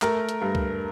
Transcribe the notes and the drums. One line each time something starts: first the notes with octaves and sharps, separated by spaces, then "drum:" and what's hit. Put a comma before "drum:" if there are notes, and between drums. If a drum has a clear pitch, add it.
A3 A#4, drum: clap
drum: hi-hat
G2
drum: kick